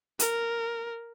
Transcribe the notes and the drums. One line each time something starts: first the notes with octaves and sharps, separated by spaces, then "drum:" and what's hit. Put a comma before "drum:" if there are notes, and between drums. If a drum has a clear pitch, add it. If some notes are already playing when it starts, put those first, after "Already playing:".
A#4, drum: hi-hat